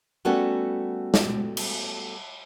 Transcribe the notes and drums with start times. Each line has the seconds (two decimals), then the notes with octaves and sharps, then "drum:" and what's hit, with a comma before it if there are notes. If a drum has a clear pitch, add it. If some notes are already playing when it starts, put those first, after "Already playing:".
0.25 G3 A3 B3 C#4 F#4 A4
1.14 drum: snare
1.57 drum: cymbal